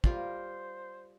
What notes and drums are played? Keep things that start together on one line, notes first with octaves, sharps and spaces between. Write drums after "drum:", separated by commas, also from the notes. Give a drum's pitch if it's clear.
G3 F4 A#4 C5, drum: kick